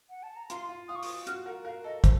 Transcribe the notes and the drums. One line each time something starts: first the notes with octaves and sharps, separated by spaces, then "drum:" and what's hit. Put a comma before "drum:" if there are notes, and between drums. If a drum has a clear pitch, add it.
F#5
A5
A#5
F4 C6, drum: hi-hat
F4
F4 D#6
C#6
D#6, drum: open hi-hat
F#4 F6, drum: hi-hat
A#4 F#5
A#4 F5
A4 D#5
A4 C5, drum: kick, hi-hat